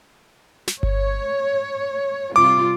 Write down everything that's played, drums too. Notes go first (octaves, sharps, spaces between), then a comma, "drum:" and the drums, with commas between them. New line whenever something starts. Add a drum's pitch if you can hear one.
drum: snare
C#5, drum: kick G1
C3 G3 F4 D6